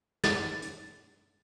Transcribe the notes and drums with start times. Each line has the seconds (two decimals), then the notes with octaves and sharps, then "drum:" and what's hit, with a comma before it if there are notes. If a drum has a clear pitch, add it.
0.24 A6, drum: snare
0.62 drum: hi-hat